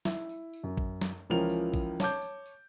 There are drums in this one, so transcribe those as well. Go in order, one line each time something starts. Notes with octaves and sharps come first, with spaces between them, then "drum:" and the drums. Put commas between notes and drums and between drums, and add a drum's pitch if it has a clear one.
E4, drum: snare
drum: tambourine
drum: tambourine
F#2
drum: kick A1
drum: snare
C#2 E3 F3 C#4 A#4 F7
drum: tambourine
drum: kick A1, tambourine
C#5 A5 D6 G6, drum: snare
drum: tambourine
drum: tambourine